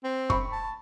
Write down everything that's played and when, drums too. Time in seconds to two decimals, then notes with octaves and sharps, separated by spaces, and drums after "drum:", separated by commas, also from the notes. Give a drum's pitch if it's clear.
0.04 C4
0.30 B5 C#6, drum: kick
0.52 A5